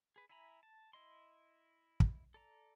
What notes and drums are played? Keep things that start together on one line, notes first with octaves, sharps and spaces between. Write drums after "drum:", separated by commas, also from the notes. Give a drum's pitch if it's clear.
G#4 B4
E4 E5 G#5 A#5 B5
A5
E4 D#5 C6
drum: kick
A4 D5 A#5